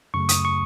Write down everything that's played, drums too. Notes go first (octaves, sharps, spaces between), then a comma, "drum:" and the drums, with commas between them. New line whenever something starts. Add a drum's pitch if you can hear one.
F#2 C#3 A3 C#6
D#6, drum: hi-hat
C#6